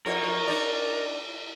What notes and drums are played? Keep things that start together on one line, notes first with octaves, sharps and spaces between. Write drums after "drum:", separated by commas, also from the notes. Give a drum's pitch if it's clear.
F2 F3 A#4 C#5, drum: cymbal
D4 D#4 D5